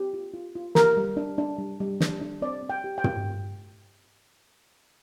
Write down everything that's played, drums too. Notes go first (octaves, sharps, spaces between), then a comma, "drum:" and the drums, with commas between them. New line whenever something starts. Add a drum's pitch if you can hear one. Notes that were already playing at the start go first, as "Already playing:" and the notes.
Already playing: C4 G4
F4
F4
F4
G4 A#4, drum: snare
G3
D4
D4
G3
G3
D4, drum: snare
D4
C4 D5
C4
G5
G4
G5
G4, drum: tom